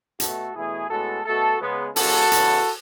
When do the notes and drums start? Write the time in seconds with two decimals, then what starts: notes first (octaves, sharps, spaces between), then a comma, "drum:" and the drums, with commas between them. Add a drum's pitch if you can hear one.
0.20 B2 A3 F#4 A4, drum: hi-hat
0.55 E2 B2 A3 E4 G#4
0.90 A2 G#3 B3 F#4 A4
1.26 B2 A3 F#4 A4
1.61 C#3 G#3 B3
1.96 E2 C#3 G#3 F#4 A4, drum: open hi-hat
2.32 E2 C#3 E3 B3, drum: hi-hat